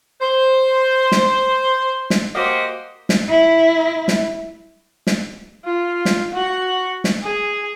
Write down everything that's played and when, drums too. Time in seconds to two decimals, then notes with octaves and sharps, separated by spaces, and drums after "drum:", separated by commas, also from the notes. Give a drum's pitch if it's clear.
0.21 C5
1.12 drum: snare
2.10 drum: snare
2.35 A#3 F#4 G4 C5 D#5
3.09 drum: snare
3.29 E4
4.08 drum: snare
5.07 drum: snare
5.64 F4
6.05 drum: snare
6.32 F#4 F#5
7.04 drum: snare
7.23 G#4